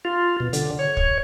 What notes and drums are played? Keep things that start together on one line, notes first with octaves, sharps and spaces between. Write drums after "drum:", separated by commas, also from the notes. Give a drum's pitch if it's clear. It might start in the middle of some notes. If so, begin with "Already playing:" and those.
F4
B2
D3, drum: hi-hat
C#5
drum: kick